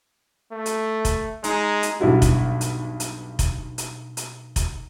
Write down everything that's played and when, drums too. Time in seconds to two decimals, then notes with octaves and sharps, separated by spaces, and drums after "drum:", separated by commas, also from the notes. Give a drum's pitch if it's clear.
0.53 A3
0.66 drum: hi-hat
1.05 drum: kick F1, hi-hat
1.44 G#3 D#4, drum: hi-hat
1.83 drum: hi-hat
2.00 B1 G2 E4 F#4
2.22 drum: kick F1, hi-hat
2.61 drum: hi-hat
3.00 drum: hi-hat
3.39 drum: kick F1, hi-hat
3.78 drum: hi-hat
4.17 drum: hi-hat
4.56 drum: kick F1, hi-hat